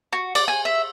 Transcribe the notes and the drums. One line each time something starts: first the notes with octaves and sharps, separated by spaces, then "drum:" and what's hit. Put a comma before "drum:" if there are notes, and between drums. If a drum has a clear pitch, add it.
F#4
D5, drum: cymbal
G#5
E5